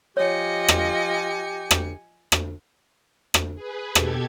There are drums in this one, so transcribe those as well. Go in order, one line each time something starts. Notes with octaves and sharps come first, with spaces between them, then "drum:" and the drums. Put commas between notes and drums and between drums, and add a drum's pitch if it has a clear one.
F3 G4 C#5 D#5 G#5 C#7
drum: rim click
drum: rim click
drum: rim click
drum: rim click
G#4 B4
B2 G4 A4 G#6, drum: rim click